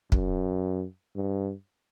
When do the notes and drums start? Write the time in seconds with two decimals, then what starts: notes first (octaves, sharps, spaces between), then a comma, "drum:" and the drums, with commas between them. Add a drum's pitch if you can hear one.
0.12 F#2, drum: kick
1.16 G2